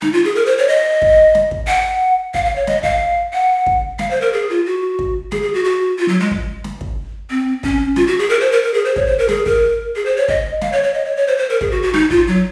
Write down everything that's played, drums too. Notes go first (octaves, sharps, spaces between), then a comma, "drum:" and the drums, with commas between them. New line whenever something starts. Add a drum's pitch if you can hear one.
D#4, drum: snare
F4
G#4
A#4
C5
C#5
D#5
drum: kick
drum: snare
drum: kick
F#5
F5, drum: kick
F5
C#5
D#5, drum: snare
F5, drum: kick
F#5
drum: kick
F5, drum: snare
C5
A#4
G#4
F4
F#4
drum: kick
G#4, drum: snare
G#4
F#4
F#4
F4
F#3
G#3
drum: kick
drum: snare
drum: kick
C4
C#4, drum: kick
F4, drum: snare
F#4
G#4
A#4
C5
A#4
A#4
G#4
C5
C#5, drum: kick
C5
A#4
G#4, drum: snare
A#4, drum: kick
G#4
C5
C#5
D#5, drum: kick
F5, drum: snare
C#5
C#5
D#5
C#5
C#5
C5
C5
A#4
G#4, drum: kick
F#4
F#4
D#4, drum: snare
F4, drum: kick
F#3